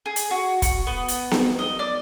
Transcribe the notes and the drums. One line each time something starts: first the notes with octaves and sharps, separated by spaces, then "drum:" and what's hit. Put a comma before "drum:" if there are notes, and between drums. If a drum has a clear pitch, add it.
G#4
drum: hi-hat
F#4
C#6, drum: kick, hi-hat
B3
drum: hi-hat
drum: snare B3
D#5
D5